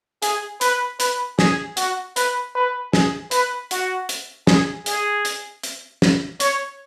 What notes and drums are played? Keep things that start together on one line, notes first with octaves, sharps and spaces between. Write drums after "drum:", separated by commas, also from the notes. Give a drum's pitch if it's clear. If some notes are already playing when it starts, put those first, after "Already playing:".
G#4, drum: hi-hat
B4, drum: hi-hat
B4, drum: hi-hat
G#4, drum: snare
F#4, drum: hi-hat
B4, drum: hi-hat
B4
G#4, drum: snare
B4, drum: hi-hat
F#4, drum: hi-hat
drum: hi-hat
G#4, drum: snare
G#4, drum: hi-hat
drum: hi-hat
drum: hi-hat
drum: snare
C#5, drum: hi-hat